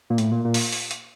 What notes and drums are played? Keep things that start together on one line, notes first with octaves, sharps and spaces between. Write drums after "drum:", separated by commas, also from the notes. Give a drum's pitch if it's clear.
A#2
A2, drum: hi-hat
A#2
A#2
drum: open hi-hat
drum: open hi-hat
drum: hi-hat